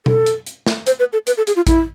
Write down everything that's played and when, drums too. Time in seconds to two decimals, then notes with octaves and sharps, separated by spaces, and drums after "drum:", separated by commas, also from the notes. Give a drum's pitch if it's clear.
0.06 A4, drum: tom B2
0.26 drum: hi-hat
0.46 drum: hi-hat
0.67 drum: snare
0.87 C5, drum: hi-hat
0.99 B4
1.13 A4
1.27 B4, drum: hi-hat
1.37 A4
1.47 G#4, drum: hi-hat
1.56 F4
1.67 E4, drum: kick A1, hi-hat